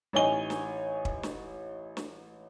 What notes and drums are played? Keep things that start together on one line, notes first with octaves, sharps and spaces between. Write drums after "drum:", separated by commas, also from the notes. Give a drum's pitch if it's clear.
A1 D#4 C#5 D#5 G#5 G7
drum: snare
drum: kick
drum: snare
drum: snare